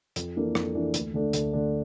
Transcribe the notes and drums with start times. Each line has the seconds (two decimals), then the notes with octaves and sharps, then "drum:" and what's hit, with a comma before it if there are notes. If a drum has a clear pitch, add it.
0.16 F2, drum: hi-hat
0.36 E3 A#3 D4 A4
0.55 F2, drum: rim click
0.75 E3 A#3 D4 A4
0.94 D2, drum: hi-hat
1.14 D3 A3 D4
1.33 D2, drum: hi-hat
1.53 D3 A3 D4